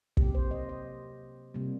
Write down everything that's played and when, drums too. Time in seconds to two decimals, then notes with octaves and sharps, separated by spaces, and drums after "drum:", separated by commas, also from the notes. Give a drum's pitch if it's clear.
0.17 C3 F#3 A#3 G4, drum: kick
0.35 C5
0.51 D#5
0.69 D#5
1.54 C3 G3 A#3